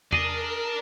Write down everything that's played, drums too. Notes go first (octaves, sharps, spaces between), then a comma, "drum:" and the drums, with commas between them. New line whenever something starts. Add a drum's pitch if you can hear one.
G#4 A#4 D5 D#5 A5, drum: tom E2